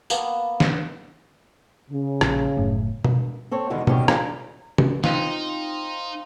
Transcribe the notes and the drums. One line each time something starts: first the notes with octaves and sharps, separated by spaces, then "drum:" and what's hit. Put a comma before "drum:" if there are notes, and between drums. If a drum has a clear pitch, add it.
A#3 B3 A5, drum: tambourine
drum: snare
C#3
A#1, drum: rim click
F#1 A2
drum: tom B2
C4 A4 C#5
E2 B2 D3 D#3 G#3 D4
B2 D#3 G3 C#4 G4 G#4, drum: tom B2
C4 D4 F4 G4 G#4 C5, drum: rim click
drum: tom C3
C4 D#4 F4, drum: snare